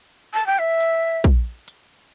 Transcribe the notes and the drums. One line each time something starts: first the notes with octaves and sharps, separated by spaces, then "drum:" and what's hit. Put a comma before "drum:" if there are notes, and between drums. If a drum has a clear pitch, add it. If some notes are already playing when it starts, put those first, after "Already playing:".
A5
G5
E5
drum: hi-hat
drum: kick A#1, hi-hat
drum: hi-hat